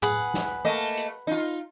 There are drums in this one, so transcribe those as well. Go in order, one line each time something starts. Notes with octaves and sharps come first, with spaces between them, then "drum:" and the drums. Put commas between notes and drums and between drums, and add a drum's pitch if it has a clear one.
G#4 B4 F#5, drum: tom A2
drum: snare
A3 A#3 D#5
drum: hi-hat
D#4 F4